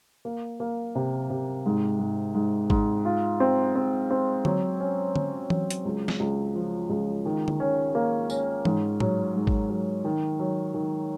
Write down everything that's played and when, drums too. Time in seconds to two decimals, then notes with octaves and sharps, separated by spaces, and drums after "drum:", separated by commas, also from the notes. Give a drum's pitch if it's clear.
0.25 A#3
0.60 A#3
0.95 C3
1.30 C3
1.66 G#2
2.00 G#2
2.35 G#2
2.70 G#2, drum: kick
3.05 F4
3.40 C4
3.76 C4
4.11 C4
4.45 F#3, drum: tom D3
4.80 C#4
5.16 C#4, drum: tom D3
5.50 F#3, drum: tom E3
5.71 drum: hi-hat
5.85 C#2
6.08 drum: snare
6.20 C#2
6.55 F3
6.90 C#2
7.26 D#3
7.48 drum: tom D3
7.60 C#4
7.95 A#3
8.30 C#4, drum: tambourine
8.65 G#2, drum: tom E3
9.00 F#3, drum: tom A2
9.35 G#2
9.47 drum: kick
9.69 F#3
10.05 D#3
10.40 F#3
10.74 D#3